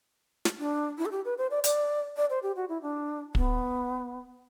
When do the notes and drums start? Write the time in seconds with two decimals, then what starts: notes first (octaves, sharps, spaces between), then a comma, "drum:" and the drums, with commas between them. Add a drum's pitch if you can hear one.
0.45 drum: snare
0.59 D4
0.98 E4
1.05 A4
1.11 G4
1.25 B4
1.38 C5
1.51 D5
1.64 D5, drum: hi-hat
2.17 D5
2.30 C5
2.43 G4
2.56 F#4
2.69 E4
2.82 D4
3.35 B3, drum: kick